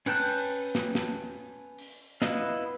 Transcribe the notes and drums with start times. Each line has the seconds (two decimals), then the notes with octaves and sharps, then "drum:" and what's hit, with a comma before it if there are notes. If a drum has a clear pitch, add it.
0.06 C#4 B4 G5 A5 F#6, drum: cymbal
0.75 drum: snare
0.95 drum: snare
1.78 drum: open hi-hat
2.22 B3 E4 B4 D#5 F5, drum: snare